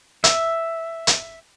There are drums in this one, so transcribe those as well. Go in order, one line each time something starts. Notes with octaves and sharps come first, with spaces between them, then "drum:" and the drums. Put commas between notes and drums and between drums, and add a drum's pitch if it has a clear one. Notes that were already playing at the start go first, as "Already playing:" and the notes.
E5, drum: hi-hat
drum: hi-hat